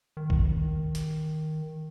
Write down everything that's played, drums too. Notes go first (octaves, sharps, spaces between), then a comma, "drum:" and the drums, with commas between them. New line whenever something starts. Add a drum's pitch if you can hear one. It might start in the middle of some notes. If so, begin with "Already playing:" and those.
D#3
drum: kick G#1
drum: hi-hat